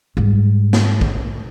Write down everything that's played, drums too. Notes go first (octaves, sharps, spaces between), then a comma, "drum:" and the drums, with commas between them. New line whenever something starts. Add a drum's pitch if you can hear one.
G#2 G3
drum: snare
drum: kick